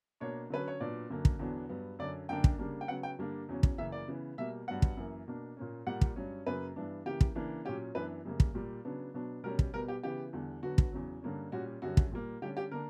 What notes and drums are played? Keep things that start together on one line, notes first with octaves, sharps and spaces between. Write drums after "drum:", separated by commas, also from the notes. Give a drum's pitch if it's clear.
B2 A#3 D4 C#5
D3 F#3 C#4 B4
C#5
A#2 F#3 B3 D4 D5
F#2 D3 F#3 A#3
drum: kick
E2 D3 F#3 B3 D4
G2 F#3 B3
F#2 D3 F#3 C#4 D5
F#2 D3 A#3 D4 G5
drum: kick
C#3 G3 A#3 D4
G5
C#3 F#3 B3 F#5
G5
G2 D3 G3 A#3 D4
E2 C#3 F#3 C#4
drum: kick
F#2 C#3 E3 A#3 E5
D5
C#3 E3 B3
B2 G3 A#3 E5
G2 F#3 B3 F#5
drum: kick
F#2 E3 A#3
B2 A#3 D4
A#2 A#3 C#4
A#2 G3 A#3 F#5
drum: kick
G2 F#3 C#4
F#2 C#3 F#3 A#3 B4
G2 E3 B3 D4
C#3 E3 A#3 G4
drum: kick
C#3 E3 A#3 D4
A#2 F#3 C#4 G4
F#2 E3 B3 D4 B4
F#2 C#3 G3 A#3
drum: kick
A#2 G3 A#3
C#3 F#3 B3 D4
B2 F#3 B3 D4
B2 G3 C#4 A#4
drum: kick
B2 G3 B3 A#4
G4
C#3 E3 B3 G4
E2 D3 G3
D3 F#3 B3 F#4
drum: kick
E2 C#3 F#3
G2 D3 A#3 C#4
A#2 G3 C#4 F#4
F#2 D3 G3 C#4 F#4
drum: kick
A#2 G3 A#3
D3 G3 C#4 G4
G4
D3 A#3 D4 A#4